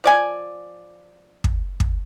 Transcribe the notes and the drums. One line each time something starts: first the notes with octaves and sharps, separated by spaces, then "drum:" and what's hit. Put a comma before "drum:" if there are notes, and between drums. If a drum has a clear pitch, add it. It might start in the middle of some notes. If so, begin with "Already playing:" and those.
F3 D5 G#5
drum: kick
drum: kick